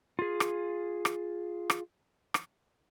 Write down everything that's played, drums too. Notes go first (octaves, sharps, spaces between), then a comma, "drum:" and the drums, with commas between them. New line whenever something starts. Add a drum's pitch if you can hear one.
F4 G#4
drum: rim click
drum: rim click
drum: rim click
drum: rim click